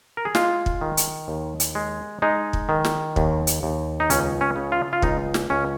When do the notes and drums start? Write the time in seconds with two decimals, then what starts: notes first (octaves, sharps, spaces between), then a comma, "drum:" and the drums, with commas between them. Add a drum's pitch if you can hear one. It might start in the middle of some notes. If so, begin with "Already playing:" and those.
0.17 A#4
0.25 G#4
0.35 G#3 F4, drum: snare
0.66 drum: kick
0.81 D#3
0.97 drum: hi-hat
1.28 D#2
1.60 drum: hi-hat
1.75 G#3
2.22 G#3 D#4
2.53 drum: kick
2.69 D#3
2.85 drum: snare
3.16 D#2, drum: kick
3.47 drum: hi-hat
3.63 D#2
4.00 D#4
4.10 C#2 C#4, drum: hi-hat
4.41 C#4
4.56 C#3
4.72 F4
4.93 F4
5.02 C#2 D#4, drum: kick
5.34 drum: snare
5.50 C#2 C#4